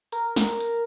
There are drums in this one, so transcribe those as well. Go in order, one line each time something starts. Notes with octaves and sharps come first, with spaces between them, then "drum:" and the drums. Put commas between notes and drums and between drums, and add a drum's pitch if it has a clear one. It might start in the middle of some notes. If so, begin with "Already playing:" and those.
A#4, drum: hi-hat
drum: snare
drum: hi-hat